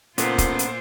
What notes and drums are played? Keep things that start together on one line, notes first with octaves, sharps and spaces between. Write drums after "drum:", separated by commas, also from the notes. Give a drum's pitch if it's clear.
A#2 B3 C#4 F4 A4 A#4 C5, drum: hi-hat
drum: kick, hi-hat
drum: hi-hat